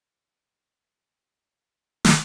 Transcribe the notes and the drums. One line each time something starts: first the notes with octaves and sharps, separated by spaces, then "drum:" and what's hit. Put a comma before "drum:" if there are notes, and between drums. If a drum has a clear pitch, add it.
E4 G#5
A3 D4 G4
G5 G#5
drum: snare